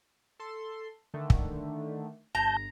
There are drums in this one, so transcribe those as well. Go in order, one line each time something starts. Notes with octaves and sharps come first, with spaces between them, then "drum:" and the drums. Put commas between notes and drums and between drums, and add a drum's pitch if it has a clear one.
A4 C6
D3 D#3 A3
drum: kick
G1 A5 A#5 G6